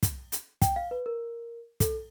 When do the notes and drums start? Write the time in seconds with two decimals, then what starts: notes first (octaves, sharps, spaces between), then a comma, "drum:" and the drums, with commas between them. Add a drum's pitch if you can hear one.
0.03 drum: kick, hi-hat
0.32 drum: hi-hat
0.62 G5, drum: kick, hi-hat
0.76 F5
0.91 B4
1.06 A#4
1.80 A4, drum: kick, hi-hat